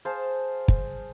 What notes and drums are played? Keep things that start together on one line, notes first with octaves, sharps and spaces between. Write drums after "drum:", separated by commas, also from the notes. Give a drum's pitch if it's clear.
G#4 C5 F5 A5
drum: kick